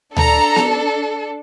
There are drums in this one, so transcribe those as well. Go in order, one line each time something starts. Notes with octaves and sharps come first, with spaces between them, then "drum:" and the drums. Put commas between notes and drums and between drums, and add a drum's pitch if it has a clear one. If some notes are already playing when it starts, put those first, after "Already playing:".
D4 A4 A#5, drum: tom D2
drum: snare B3